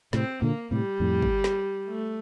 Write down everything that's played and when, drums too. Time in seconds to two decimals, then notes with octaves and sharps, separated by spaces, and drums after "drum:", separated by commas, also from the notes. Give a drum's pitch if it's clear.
0.13 A2 C3 C4, drum: snare
0.42 A#2 D3 A#3
0.71 A2 C3 G3
1.00 F2 A2
1.22 drum: kick
1.44 drum: snare
1.88 A3